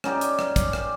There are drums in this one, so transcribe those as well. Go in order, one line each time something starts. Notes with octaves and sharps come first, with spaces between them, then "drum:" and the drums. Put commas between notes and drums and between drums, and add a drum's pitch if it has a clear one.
C#4 D#4 G4 D5, drum: rim click
drum: hi-hat
drum: rim click
drum: kick, hi-hat
drum: rim click